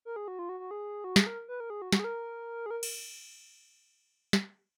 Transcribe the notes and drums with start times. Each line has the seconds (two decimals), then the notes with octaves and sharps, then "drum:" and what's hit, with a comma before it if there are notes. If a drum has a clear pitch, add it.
0.05 A#4
0.16 G#4
0.28 F#4
0.39 F4
0.49 F#4
0.60 F#4
0.71 G#4
1.04 F#4
1.16 G#4, drum: snare
1.27 A#4
1.49 B4
1.60 A#4
1.70 G#4
1.82 F#4
1.93 F#4, drum: snare
1.99 G#4
2.04 A#4
2.66 G#4
2.71 A#4
2.83 drum: cymbal
4.33 drum: snare